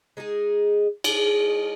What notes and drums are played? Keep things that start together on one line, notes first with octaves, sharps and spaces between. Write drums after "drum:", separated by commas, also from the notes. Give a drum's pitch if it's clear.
G#3 D#4 G#4
G#3 D#4 G#4, drum: cymbal